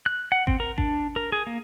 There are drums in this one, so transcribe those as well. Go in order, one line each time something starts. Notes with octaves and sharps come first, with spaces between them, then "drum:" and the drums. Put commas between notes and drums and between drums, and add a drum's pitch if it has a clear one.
F#6
F#5
C4, drum: kick G#1
A#4
D4, drum: kick G#1
A#4
G#4
A#3